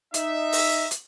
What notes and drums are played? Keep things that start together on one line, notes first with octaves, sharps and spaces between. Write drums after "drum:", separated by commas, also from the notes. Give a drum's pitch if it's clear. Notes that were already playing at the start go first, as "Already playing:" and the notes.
D#4 E5, drum: hi-hat
drum: open hi-hat
drum: hi-hat